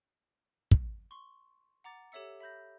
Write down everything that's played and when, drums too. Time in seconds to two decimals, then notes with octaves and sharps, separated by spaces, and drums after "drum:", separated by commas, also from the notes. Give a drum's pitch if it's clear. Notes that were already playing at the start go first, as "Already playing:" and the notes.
0.71 drum: kick
1.11 C6 C#6
1.84 F#5 A#5 D6 A6
2.12 G4 A4 C#5 E5 E6 C#7
2.40 E5 B5 G6 A#6